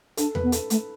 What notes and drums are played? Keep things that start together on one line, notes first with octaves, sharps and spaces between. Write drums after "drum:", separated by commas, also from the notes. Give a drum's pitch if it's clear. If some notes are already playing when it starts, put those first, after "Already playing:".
D4 A4, drum: hi-hat
B4, drum: tom E2
B3
A4, drum: hi-hat
A3, drum: hi-hat